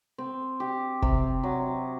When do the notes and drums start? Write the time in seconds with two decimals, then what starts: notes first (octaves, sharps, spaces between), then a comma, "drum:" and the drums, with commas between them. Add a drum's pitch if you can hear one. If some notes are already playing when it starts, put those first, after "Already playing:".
0.18 C4
0.60 G4
1.02 C3, drum: kick F#1
1.44 F#3